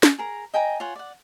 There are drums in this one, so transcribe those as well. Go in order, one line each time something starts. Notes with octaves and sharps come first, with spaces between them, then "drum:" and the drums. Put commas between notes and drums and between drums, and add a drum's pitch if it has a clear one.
drum: snare
G#4 A#4 A#5
D#5 G5 G#5 A#5
F4 C#5 F#5 G#5
D5 F#5